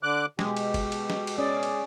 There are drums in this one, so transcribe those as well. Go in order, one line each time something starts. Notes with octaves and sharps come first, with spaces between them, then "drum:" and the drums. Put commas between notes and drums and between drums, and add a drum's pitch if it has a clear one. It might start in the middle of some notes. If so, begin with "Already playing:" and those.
D3 D6 F#6
B2 G#3 G4, drum: snare
drum: cymbal
drum: kick, cymbal
drum: cymbal
drum: snare
drum: cymbal
C#4 G#4 D5
drum: cymbal